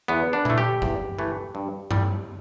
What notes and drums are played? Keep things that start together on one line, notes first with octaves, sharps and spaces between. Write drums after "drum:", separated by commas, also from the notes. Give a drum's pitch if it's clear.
E2 B3
D4
E3 A3, drum: tom A#2
G4
E2, drum: kick F#1
E3 A3
G2
G3, drum: tom G2